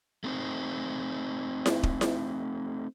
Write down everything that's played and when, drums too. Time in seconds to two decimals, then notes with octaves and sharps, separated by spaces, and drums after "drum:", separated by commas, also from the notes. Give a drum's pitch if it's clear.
0.24 A3 C4 D#4 C5
1.66 drum: snare E4
1.83 drum: kick D#1
2.01 drum: snare E4